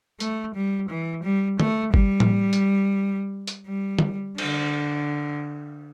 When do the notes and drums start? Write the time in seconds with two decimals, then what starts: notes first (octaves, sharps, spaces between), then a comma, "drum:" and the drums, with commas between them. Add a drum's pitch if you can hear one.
0.20 A3, drum: hi-hat
0.55 G3
0.90 E3
1.24 G3
1.60 A3, drum: tom D3
1.94 G3, drum: kick G1
2.20 drum: tom A2
2.53 drum: hi-hat
3.47 drum: hi-hat
3.68 G3
3.99 drum: tom D3
4.38 D3, drum: cymbal